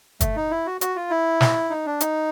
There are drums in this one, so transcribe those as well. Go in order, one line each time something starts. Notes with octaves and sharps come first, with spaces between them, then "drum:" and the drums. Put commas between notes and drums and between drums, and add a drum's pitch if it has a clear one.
A3, drum: kick, hi-hat
D#4
E4
F#4
F#4, drum: hi-hat
F4
E4
drum: snare
D#4
D4
D#4, drum: hi-hat